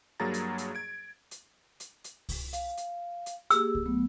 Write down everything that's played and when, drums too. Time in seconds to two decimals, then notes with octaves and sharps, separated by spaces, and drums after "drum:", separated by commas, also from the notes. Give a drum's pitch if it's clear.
0.20 G2 F#3 A#3 G#4 A#5 A6
0.34 drum: hi-hat
0.58 drum: hi-hat
0.75 G#6 D7
1.31 drum: hi-hat
1.80 drum: hi-hat
2.04 drum: hi-hat
2.29 drum: kick C2, open hi-hat
2.53 F5, drum: hi-hat
2.77 drum: hi-hat
3.26 drum: hi-hat
3.51 A#3 G4 G#4 E6, drum: hi-hat
3.75 drum: kick C2
3.86 F#3 A3 B3